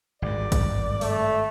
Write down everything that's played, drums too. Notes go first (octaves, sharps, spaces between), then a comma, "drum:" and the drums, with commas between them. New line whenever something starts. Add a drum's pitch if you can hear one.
G#1 G2 D5
drum: kick, hi-hat
A3, drum: open hi-hat